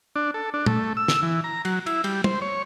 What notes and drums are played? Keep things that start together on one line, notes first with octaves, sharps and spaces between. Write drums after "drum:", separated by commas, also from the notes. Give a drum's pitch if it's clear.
D4
A4
D4
A3, drum: tom
E6
drum: snare
E3
A#5
F#3, drum: cymbal
E4, drum: cymbal
G3, drum: cymbal
C5, drum: tom
C#5